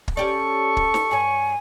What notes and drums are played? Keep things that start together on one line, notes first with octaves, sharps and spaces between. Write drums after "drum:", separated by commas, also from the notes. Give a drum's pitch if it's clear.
drum: kick
C#4 G4 A4 D5 C#6
drum: kick
drum: snare
G2 C#5 G#5